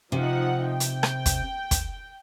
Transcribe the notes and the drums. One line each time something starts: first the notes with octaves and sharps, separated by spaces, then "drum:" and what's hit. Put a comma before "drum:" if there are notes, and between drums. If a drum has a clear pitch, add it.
C3 F3 D#4 F#5
G5
drum: hi-hat
drum: rim click
drum: kick, hi-hat
drum: kick, hi-hat